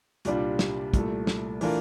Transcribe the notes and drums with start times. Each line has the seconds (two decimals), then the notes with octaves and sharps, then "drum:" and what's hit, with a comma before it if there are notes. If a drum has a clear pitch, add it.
0.25 C2 A#2 G3 D4 F4, drum: hi-hat
0.59 drum: snare
0.93 C2 A#2 A3, drum: kick, hi-hat
1.27 drum: snare
1.61 E3 A3 D4 F4 A#4, drum: open hi-hat